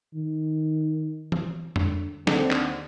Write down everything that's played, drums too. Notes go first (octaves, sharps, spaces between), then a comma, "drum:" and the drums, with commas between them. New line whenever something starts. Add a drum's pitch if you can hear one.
D#3
drum: tom
D3, drum: tom F2
D#2 D3 C4, drum: snare
drum: clap